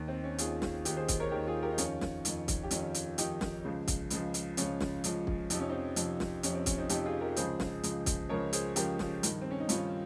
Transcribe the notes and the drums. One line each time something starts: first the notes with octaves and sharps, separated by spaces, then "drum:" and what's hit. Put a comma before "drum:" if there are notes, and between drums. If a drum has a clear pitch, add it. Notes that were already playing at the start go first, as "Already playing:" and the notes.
Already playing: D#2 D#3
C4
C#4
D#2 D#3 F4 G#4, drum: hi-hat
drum: snare
D#2 D#3 D#4 G4, drum: hi-hat
G#4 C5
drum: kick, hi-hat
A#4 C#5
D#2 D#3 G4 A#4
F4 G#4
G4 A#4
D#4
F2 D#3 C#4 F4, drum: hi-hat
drum: snare
F2 D#3, drum: hi-hat
drum: kick, hi-hat
G4
F2 D#3 C#4 F4, drum: hi-hat
drum: hi-hat
F2 D#3 D#4 G4, drum: hi-hat
drum: snare
C#2 C#3 F3
drum: kick, hi-hat
C#2 C#3 F3, drum: hi-hat
drum: hi-hat
C#2 C#3 F3 C#4 F4, drum: hi-hat
drum: snare
C#2 C#3 F3, drum: hi-hat
drum: kick
F2 C3 F3 D#4, drum: hi-hat
C#4
C4 D#4
F2 C3 F3, drum: hi-hat
drum: snare
F2 C3 F3 C#4, drum: hi-hat
C4
C#4, drum: kick, hi-hat
C4 D#4
F2 C3 F3 D#4 G4, drum: hi-hat
F4 G#4
G4 A#4
C#2 C#3 F3 G#4 C5, drum: hi-hat
drum: snare
C#2 C#3 F3, drum: hi-hat
drum: kick, hi-hat
C#2 C#3 F3 A#4 C#5
G#4 C5, drum: hi-hat
C#2 C#3 F3 G4 A#4, drum: hi-hat
drum: snare
G2 D#3, drum: hi-hat
C4
C#4
D#4
G2 D#3 C#4 F4, drum: hi-hat